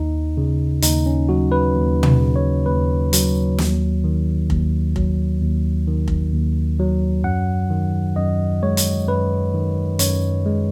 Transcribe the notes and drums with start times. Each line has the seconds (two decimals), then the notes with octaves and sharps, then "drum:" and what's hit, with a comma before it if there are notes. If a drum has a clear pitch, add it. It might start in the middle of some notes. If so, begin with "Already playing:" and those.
Already playing: D#2 D#4
0.37 C#3
0.82 D#2 D#4, drum: hi-hat
1.06 C#4
1.29 F#3 F#4
1.52 B4
1.75 D#2
2.03 drum: tom
2.21 C#3
2.36 C#5
2.66 D#2 B4
3.13 F#3, drum: hi-hat
3.58 D#2, drum: snare
4.04 D#3
4.50 D#2, drum: kick F1
4.96 F#3, drum: kick F1
5.42 D#2
5.87 D#3
6.08 drum: kick F1
6.33 D#2
6.79 F#3
7.24 F#2 F#5
7.70 D#3
8.16 F#2 D#5
8.63 G#3 C#5
8.77 drum: hi-hat
9.08 F#2 B4
9.54 D#3
9.99 F#2 C#5, drum: hi-hat
10.46 G#3